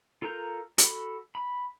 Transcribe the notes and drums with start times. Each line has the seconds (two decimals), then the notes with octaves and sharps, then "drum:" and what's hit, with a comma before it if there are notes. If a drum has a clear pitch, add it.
0.22 F4 A4 A#4 A#5 G6
0.78 F#4 A4 B5, drum: hi-hat
1.35 B5